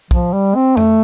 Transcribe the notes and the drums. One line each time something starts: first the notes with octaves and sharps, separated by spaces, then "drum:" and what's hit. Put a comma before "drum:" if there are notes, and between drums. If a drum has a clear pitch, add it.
F3, drum: kick
G3
C4
A3, drum: tom F2